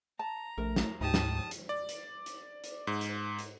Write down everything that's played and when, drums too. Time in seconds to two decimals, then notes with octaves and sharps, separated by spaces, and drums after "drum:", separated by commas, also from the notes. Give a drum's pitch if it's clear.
0.19 A5 A#5
0.58 A#1 A3 A#4
0.76 drum: snare
1.01 D2 G#2 D#4 G4 A5 D#6
1.14 drum: snare
1.51 drum: hi-hat
1.69 D5
1.89 drum: hi-hat
2.26 drum: hi-hat
2.64 drum: hi-hat
2.87 G#2
3.01 drum: hi-hat
3.39 drum: hi-hat